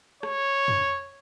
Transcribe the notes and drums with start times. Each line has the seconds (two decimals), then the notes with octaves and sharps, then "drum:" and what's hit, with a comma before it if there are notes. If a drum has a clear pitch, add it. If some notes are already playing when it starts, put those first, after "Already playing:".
0.23 C#5, drum: rim click
0.68 drum: tom F2